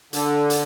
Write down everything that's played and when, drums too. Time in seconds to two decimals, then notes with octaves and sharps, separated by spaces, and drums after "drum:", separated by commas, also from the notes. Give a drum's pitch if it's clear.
0.13 D3, drum: hi-hat
0.50 drum: hi-hat